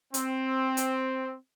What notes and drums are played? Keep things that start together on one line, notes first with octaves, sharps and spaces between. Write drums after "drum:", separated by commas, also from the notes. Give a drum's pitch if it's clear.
C4, drum: hi-hat
drum: hi-hat